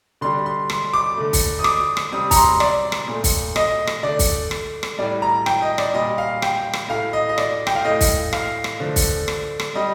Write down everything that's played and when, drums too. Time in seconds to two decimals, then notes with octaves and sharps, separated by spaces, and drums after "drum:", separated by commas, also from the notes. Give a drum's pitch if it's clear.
0.21 D3 G3 C6
0.46 C6
0.70 C6, drum: rim click
0.93 D6
1.17 D3 A3
1.33 drum: kick, open hi-hat
1.59 D#6
1.64 D6, drum: rim click
1.97 drum: rim click
2.13 C3 G3 D#6
2.31 A#5, drum: kick, open hi-hat
2.36 C6
2.60 D5, drum: rim click
2.92 drum: rim click
3.08 A#2 A3
3.24 drum: kick, open hi-hat
3.56 D#5, drum: rim click
3.87 drum: rim click
4.03 D3 A3 D5
4.19 drum: kick, open hi-hat
4.51 drum: rim click
4.83 drum: rim click
4.99 A2 G3 D5
5.22 A#5
5.46 G5, drum: rim click
5.62 D#5
5.78 D5, drum: rim click
5.94 A#2 G3 D#5
6.18 F5
6.42 G5, drum: rim click
6.73 drum: rim click
6.89 A2 A3 F5
7.13 D#5
7.29 D#5
7.38 D5, drum: rim click
7.67 G5, drum: rim click
7.75 F5
7.85 A2 A3 D#5
8.01 drum: kick, open hi-hat
8.33 F5, drum: rim click
8.64 drum: rim click
8.80 D3 F3 A3
8.96 drum: kick, open hi-hat
9.28 drum: rim click
9.60 drum: rim click
9.75 G3 D#5